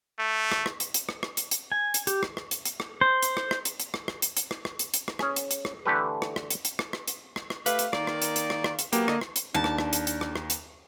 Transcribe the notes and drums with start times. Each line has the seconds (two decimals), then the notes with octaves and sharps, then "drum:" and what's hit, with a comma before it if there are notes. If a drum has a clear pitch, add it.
0.19 A3
0.52 drum: rim click
0.66 drum: rim click
0.80 drum: hi-hat
0.94 drum: hi-hat
1.09 drum: rim click
1.23 drum: rim click
1.37 drum: hi-hat
1.51 drum: hi-hat
1.72 G#5
1.94 drum: hi-hat
2.07 G4, drum: hi-hat
2.23 drum: rim click
2.37 drum: rim click
2.51 drum: hi-hat
2.65 drum: hi-hat
2.80 drum: rim click
3.01 C5
3.23 drum: hi-hat
3.37 drum: rim click
3.51 drum: rim click
3.65 drum: hi-hat
3.80 drum: hi-hat
3.94 drum: rim click
4.08 drum: rim click
4.22 drum: hi-hat
4.37 drum: hi-hat
4.51 drum: rim click
4.65 drum: rim click
4.79 drum: hi-hat
4.94 drum: hi-hat
5.08 drum: rim click
5.19 C#4 G#4, drum: rim click
5.36 drum: hi-hat
5.51 drum: hi-hat
5.65 drum: rim click
5.85 D3 E3 A3 G4 A4 B4
6.22 drum: rim click
6.36 drum: rim click
6.51 drum: hi-hat
6.65 drum: hi-hat
6.79 drum: rim click
6.93 drum: rim click
7.08 drum: hi-hat
7.36 drum: rim click
7.50 drum: rim click
7.66 A3 G4 B4 F5, drum: hi-hat
7.79 drum: hi-hat
7.93 D#3 A#3 D5, drum: rim click
8.07 drum: rim click
8.22 drum: hi-hat
8.36 drum: hi-hat
8.50 drum: rim click
8.64 drum: rim click
8.79 drum: hi-hat
8.93 F#3 A#3 B3 G4, drum: hi-hat
9.08 D3 D#5, drum: rim click
9.21 drum: rim click
9.36 drum: hi-hat
9.55 D#2 D4 A5
9.64 drum: rim click
9.78 drum: rim click
9.93 drum: hi-hat
10.07 drum: hi-hat
10.21 drum: rim click
10.36 drum: rim click
10.50 drum: hi-hat